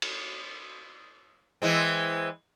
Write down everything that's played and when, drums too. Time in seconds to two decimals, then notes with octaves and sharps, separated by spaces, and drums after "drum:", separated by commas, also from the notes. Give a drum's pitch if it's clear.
0.02 drum: cymbal
1.62 E3 G#3 C4